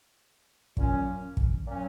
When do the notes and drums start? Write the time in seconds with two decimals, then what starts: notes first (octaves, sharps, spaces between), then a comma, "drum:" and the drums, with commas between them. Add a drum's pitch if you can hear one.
0.77 A#2 F#3 C#4, drum: kick
1.37 drum: kick
1.67 A#2 F#3 C#4